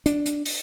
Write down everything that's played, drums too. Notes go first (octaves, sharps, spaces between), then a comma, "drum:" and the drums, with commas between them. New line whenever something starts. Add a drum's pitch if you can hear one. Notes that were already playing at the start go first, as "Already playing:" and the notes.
D4, drum: hi-hat
drum: hi-hat
drum: open hi-hat